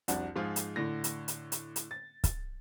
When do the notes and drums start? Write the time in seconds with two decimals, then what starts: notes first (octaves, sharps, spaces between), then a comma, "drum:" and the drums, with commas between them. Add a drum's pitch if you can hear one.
0.08 F1 C2 D4 F#4 A5, drum: hi-hat
0.36 G#2 F3 F4 G#4
0.56 drum: hi-hat
0.76 A2 D3 A#6
1.04 drum: hi-hat
1.28 drum: hi-hat
1.52 drum: hi-hat
1.76 drum: hi-hat
1.91 A6
2.24 drum: kick, hi-hat